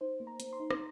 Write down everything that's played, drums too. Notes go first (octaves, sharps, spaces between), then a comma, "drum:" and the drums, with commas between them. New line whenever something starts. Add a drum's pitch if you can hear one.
D#4 C5
A#3
A#5
A#3, drum: hi-hat
C6
D#4
drum: rim click